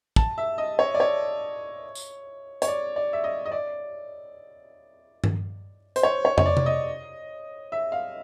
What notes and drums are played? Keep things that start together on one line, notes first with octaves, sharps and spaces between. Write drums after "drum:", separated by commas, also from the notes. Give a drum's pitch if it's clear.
A5, drum: kick
E5
D#5
C#5
D5
C#5
drum: tambourine
C#5, drum: hi-hat
D5
D5
E5
D#5
D#5
D5
drum: tom G2
C5, drum: hi-hat
C#5
C#5
C#5, drum: tom
D5
drum: tom C3
D#5
E5
F5